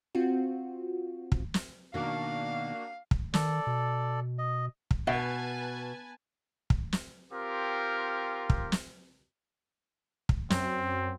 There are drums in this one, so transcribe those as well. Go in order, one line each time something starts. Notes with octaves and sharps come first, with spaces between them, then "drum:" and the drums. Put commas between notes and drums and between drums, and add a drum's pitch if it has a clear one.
C4 F4 F#4
drum: kick
drum: snare
B2 D#3 A#3 D4 F#4 F5
drum: kick
D#3 A4 D5, drum: snare
B2
D#5
drum: kick
B2 B4 E5 F#5 G#5 A5
drum: kick
drum: snare
C4 F4 G4 A#4
drum: kick
drum: snare
drum: kick
F#2 C4, drum: snare